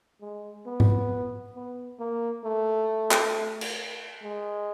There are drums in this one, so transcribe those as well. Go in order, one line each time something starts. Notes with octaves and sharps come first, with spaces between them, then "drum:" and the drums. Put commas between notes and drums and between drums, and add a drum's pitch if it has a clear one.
G#3
B3
drum: tom G#2
B3
A#3
A3
drum: clap
drum: cymbal
G#3